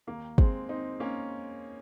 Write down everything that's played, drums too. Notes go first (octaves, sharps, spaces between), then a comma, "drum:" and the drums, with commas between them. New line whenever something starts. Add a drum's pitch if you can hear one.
D#2 D#3 A#3
G#3 C4, drum: kick
C4 D#4
A#3 C#4